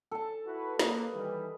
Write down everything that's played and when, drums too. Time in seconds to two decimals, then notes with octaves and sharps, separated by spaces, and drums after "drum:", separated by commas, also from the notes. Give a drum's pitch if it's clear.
0.11 A4 A5
0.46 E4 F#4 B4
0.79 A#3 B4 D#5, drum: snare
1.14 D#3 E3 G3